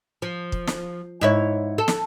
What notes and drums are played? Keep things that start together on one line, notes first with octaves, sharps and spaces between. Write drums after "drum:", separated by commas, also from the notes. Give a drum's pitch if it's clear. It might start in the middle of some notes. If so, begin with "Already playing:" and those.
F3
drum: kick
drum: snare
G#2 E4 C#5
A4
drum: snare